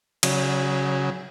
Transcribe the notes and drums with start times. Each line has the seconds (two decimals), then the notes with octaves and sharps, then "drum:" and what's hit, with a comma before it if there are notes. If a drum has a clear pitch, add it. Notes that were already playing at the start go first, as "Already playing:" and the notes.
0.23 C#3 F#3, drum: cymbal